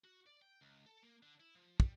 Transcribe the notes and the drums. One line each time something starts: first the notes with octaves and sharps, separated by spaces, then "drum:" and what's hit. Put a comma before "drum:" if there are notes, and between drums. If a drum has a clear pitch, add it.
F#4
D5
G5
C#2
A4
A#3
D3
E4
F3
G3, drum: kick